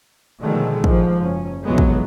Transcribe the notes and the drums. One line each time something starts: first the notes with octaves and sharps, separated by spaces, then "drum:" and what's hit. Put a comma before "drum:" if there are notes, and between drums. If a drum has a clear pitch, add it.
B2 D3 D#3 F3 G#3 A3
A#1 G#2 F3, drum: kick
F#1 C#4
F1 B1 E3 F#3 G#3 B3
drum: kick